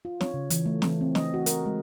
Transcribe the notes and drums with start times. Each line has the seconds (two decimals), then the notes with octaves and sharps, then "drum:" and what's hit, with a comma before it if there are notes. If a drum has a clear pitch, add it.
0.05 F4
0.21 C#5, drum: snare
0.34 C#3
0.50 E3, drum: hi-hat
0.66 A3
0.82 E3, drum: snare
1.01 C4
1.15 D#5, drum: snare
1.34 F#4
1.46 A#4, drum: hi-hat
1.66 G#3